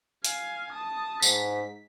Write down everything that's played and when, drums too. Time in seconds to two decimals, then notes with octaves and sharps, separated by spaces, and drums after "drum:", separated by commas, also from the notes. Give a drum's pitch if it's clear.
0.25 F5 G#5, drum: hi-hat
0.72 A5 D#6
1.22 G#2 B6, drum: tambourine